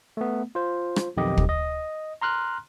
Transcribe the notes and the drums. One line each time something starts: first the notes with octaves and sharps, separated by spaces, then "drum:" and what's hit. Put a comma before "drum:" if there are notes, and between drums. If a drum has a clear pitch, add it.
A3 B3
F4 C5
drum: rim click
B1 F2 D#3 G4 D#5
drum: kick
D#5
A#5 C6 F6 F#6